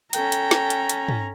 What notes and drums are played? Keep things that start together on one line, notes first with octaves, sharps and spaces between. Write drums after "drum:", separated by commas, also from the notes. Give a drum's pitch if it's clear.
C#4 A4 G5 A#5, drum: hi-hat
drum: hi-hat
drum: snare
drum: hi-hat
drum: hi-hat
drum: tom